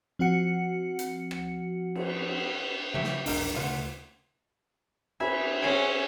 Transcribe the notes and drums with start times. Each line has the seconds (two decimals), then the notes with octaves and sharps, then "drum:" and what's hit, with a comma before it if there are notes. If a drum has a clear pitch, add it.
0.19 F3 C4 F#4 F#5 C#7
0.99 drum: hi-hat
1.31 drum: rim click
1.95 drum: cymbal
2.94 C#3 F3 G4 C#5 E5
3.04 drum: snare
3.26 E1 A#1 B2 A#3 D4 G5, drum: open hi-hat
3.56 D2 C#3 F4 F#5
5.20 E5 G#5 B5, drum: cymbal
5.62 C4 C#4 G#4 G#5